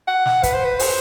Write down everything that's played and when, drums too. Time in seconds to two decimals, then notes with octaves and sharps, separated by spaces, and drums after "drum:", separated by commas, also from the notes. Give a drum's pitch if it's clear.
0.08 F#5
0.26 drum: snare
0.43 B4, drum: kick, hi-hat
0.54 C5
0.65 B4
0.79 C5, drum: open hi-hat